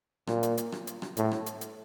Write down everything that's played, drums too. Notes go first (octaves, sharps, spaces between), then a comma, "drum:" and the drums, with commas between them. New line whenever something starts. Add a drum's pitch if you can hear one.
A#2, drum: rim click
drum: hi-hat
drum: hi-hat
drum: rim click
drum: hi-hat
drum: rim click
A2, drum: hi-hat
drum: rim click
drum: hi-hat
drum: hi-hat